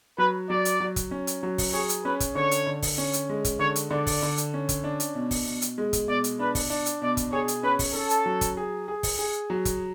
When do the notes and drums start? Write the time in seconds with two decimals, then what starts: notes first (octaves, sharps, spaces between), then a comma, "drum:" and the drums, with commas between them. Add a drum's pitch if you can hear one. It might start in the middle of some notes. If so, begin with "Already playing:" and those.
0.18 F#3 B4
0.50 F#3 D5
0.65 drum: hi-hat
0.80 F#3
0.96 drum: kick, hi-hat
1.11 C#4
1.27 drum: hi-hat
1.43 F#3
1.58 drum: kick, open hi-hat
1.73 G#4 C#5
1.89 drum: hi-hat
2.05 C#4 B4
2.20 drum: kick, hi-hat
2.35 D3 C#5
2.51 drum: hi-hat
2.67 D3
2.82 drum: kick, open hi-hat
2.98 C#4
3.13 drum: hi-hat
3.29 G#3
3.44 drum: kick, hi-hat
3.59 D3 C#5
3.76 drum: hi-hat
3.91 D3 D5
4.07 drum: kick, open hi-hat
4.23 D3
4.38 drum: hi-hat
4.54 C#4
4.69 drum: kick, hi-hat
4.84 D4
5.00 drum: hi-hat
5.15 B2
5.31 drum: kick, open hi-hat
5.46 B2
5.62 drum: hi-hat
5.78 G#3
5.93 drum: kick, hi-hat
6.08 B2 D5
6.24 drum: hi-hat
6.39 D4 B4
6.55 drum: kick, open hi-hat
6.70 D4
6.86 drum: hi-hat
7.02 B2 D5
7.17 drum: kick, hi-hat
7.32 G#4 C#5
7.48 drum: hi-hat
7.63 C#4 B4
7.79 drum: kick, open hi-hat
7.95 C#4 A4
8.10 drum: hi-hat
8.26 F#3
8.41 drum: kick, hi-hat
8.57 G#4
8.88 G#4
9.03 drum: kick, open hi-hat
9.19 G#4
9.50 F#3
9.65 drum: kick, hi-hat